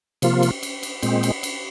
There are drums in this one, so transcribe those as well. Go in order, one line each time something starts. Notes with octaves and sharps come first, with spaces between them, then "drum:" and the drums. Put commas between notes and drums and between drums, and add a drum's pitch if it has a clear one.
C3 F3 A#3 F4, drum: cymbal
drum: cymbal
drum: cymbal
drum: cymbal
A#2 G#3 C4, drum: cymbal
drum: cymbal
drum: cymbal